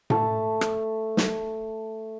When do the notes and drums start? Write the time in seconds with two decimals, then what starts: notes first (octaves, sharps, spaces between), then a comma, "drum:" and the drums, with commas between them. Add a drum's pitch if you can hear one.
0.10 A3 A5, drum: tom A2
0.61 drum: rim click
1.17 drum: snare